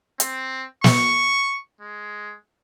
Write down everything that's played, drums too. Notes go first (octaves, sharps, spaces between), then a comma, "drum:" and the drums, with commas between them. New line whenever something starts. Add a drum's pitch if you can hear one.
C4, drum: hi-hat
C#6, drum: snare
G#3